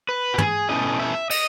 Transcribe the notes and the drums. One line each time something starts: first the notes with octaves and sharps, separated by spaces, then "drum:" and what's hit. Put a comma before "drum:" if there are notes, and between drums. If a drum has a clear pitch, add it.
B4
F#4
G#4, drum: tom
B2 A3 C#4 E4 D#5
E5
D#5, drum: cymbal